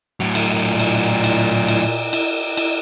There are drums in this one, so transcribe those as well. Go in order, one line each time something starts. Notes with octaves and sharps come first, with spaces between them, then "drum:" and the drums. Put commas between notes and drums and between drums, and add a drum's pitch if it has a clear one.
A2 F#3
drum: cymbal
A#2
drum: cymbal
drum: cymbal
drum: cymbal
drum: cymbal
drum: cymbal